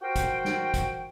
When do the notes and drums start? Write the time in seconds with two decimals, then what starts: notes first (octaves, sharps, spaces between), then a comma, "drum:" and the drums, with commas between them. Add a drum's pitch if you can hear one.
0.01 F#4 A#4 C5 G5
0.16 drum: kick, hi-hat
0.45 drum: snare
0.74 drum: kick, hi-hat